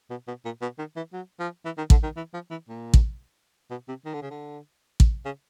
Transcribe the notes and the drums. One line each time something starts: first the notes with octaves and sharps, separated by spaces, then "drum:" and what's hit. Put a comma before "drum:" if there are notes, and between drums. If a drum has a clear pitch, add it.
B2
B2
A#2
B2
D#3
E3
F#3
F3
E3
D#3
D3, drum: kick
D#3
E3
F3
E3
A#2
drum: kick
B2
C3
D#3
D3
C#3
D3
drum: kick
C#3